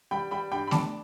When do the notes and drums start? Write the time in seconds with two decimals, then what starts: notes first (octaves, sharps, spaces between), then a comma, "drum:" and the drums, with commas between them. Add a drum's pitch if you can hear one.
0.11 G3 G5 B5
0.31 G3 G5 B5
0.52 G2 G5 B5
0.67 B5
0.71 D4 A5 D6, drum: snare A3